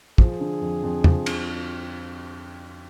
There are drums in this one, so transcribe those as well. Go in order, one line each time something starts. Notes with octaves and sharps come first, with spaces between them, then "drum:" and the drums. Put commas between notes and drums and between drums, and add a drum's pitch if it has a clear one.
F3 G#4, drum: kick
D3
F2
F2
F3, drum: tom
D3, drum: cymbal